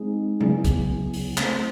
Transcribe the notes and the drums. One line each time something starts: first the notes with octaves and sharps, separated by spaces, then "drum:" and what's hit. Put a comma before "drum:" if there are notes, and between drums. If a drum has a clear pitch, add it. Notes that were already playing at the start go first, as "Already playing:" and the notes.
Already playing: G#3 C4 D#4 G#4
C#3 F#3 B3 E4 G#4, drum: tom G#3
drum: kick, hi-hat
drum: open hi-hat
A3 C4 E4 A4 C5, drum: clap